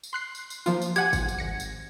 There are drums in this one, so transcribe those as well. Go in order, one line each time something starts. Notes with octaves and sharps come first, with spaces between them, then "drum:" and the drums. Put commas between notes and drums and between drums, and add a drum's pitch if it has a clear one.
drum: tambourine
C6 F#6 C7
drum: tambourine
drum: tambourine
F3 A#3 F4, drum: tambourine
drum: tambourine
G4 F#5 G#5 G#6, drum: tambourine
drum: kick G1, tambourine
drum: tambourine
G#1 A#6 C#7
drum: tambourine